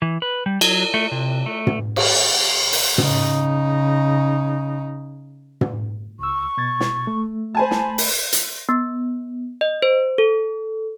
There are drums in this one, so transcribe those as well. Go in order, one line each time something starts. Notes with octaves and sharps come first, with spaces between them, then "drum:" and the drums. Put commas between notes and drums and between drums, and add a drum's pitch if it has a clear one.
E3
B4
G3
F#3, drum: cymbal
A3
C3
A3
drum: tom
drum: cymbal
drum: open hi-hat
C#3 D#4, drum: tom
drum: tom
C#2 C#6 E6
B2 G#6 A6
drum: snare
A3
C5 G#5 A5 B5
drum: snare
drum: open hi-hat
drum: hi-hat
B3
D#5
C5
A4